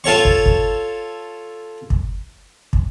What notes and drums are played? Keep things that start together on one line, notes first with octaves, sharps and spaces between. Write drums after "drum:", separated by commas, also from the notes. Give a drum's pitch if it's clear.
F4 A4 C#5 C#6
drum: kick
drum: kick
drum: kick
drum: kick